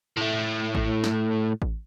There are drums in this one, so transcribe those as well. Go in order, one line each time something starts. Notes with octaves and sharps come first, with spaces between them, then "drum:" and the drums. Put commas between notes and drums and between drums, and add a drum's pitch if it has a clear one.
A2 A3
drum: kick A1
drum: snare
drum: kick A1